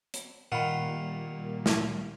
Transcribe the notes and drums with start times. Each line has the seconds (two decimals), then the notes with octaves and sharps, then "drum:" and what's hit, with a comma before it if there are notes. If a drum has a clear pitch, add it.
0.14 drum: hi-hat
0.52 A#2 D#3 G3 A#3 F4 F#5 B5
1.66 drum: snare